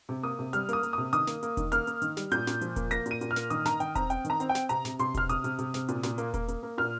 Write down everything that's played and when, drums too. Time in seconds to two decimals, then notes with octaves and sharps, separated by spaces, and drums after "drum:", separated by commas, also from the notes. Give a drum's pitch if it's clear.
0.09 C3
0.23 A#3 D#6
0.39 C3
0.53 G3 F6, drum: hi-hat
0.69 A#3 D#6, drum: hi-hat
0.83 A#3, drum: hi-hat
0.93 C3 D#6
1.13 D#3 D#6, drum: hi-hat
1.27 A#3, drum: snare
1.43 A#3, drum: hi-hat
1.57 D#3, drum: kick E1, hi-hat
1.72 A#3 F6, drum: hi-hat
1.87 A#3, drum: hi-hat
2.02 D#3, drum: hi-hat
2.17 G3, drum: snare
2.31 A#2 G6, drum: hi-hat
2.47 A#2, drum: snare
2.61 F3, drum: hi-hat
2.76 A#3, drum: kick E1, hi-hat
2.91 A#3 A#6, drum: hi-hat
3.06 A#2, drum: hi-hat
3.11 D#7
3.21 A#2, drum: hi-hat
3.31 F6
3.36 A#3, drum: snare
3.50 D#3 D#6, drum: hi-hat
3.65 D#3 A#5, drum: snare
3.80 D#3 G5, drum: hi-hat
3.95 C4 A#5, drum: kick E1, hi-hat
4.10 C4 G5, drum: hi-hat
4.25 D#3, drum: hi-hat
4.30 A#5
4.40 C4, drum: hi-hat
4.49 G5
4.55 C4, drum: snare
4.69 C3 A#5, drum: hi-hat
4.85 C3, drum: snare
4.99 C3 C6, drum: hi-hat
5.14 C3 F6, drum: kick E1, hi-hat
5.29 C3 D#6, drum: hi-hat
5.44 C3, drum: hi-hat
5.59 C3, drum: hi-hat
5.74 C3, drum: snare
5.88 A#2, drum: hi-hat
6.03 A#2, drum: snare
6.18 A#3, drum: hi-hat
6.34 A#3, drum: kick E1, hi-hat
6.48 A#3, drum: hi-hat
6.63 A#3
6.78 A#2 F6